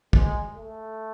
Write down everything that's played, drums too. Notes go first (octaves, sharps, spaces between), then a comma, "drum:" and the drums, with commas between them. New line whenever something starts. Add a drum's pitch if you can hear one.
G#3, drum: kick
A3